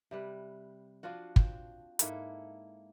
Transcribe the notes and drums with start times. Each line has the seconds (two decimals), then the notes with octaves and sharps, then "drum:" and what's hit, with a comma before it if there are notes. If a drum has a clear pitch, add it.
0.11 C3 G3 B4
1.03 F3 D4 F4 F#4
1.36 C4, drum: kick
1.99 G#2 A#3 E4 A4, drum: hi-hat